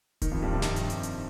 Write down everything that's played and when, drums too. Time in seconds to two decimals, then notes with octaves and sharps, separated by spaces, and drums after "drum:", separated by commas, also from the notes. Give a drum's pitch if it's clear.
0.22 D#3, drum: kick D1, hi-hat
0.32 F2 F3
0.42 G2 G3
0.53 C3 C4
0.62 D#3 D#4, drum: snare
0.76 drum: hi-hat
0.90 drum: hi-hat
1.03 drum: hi-hat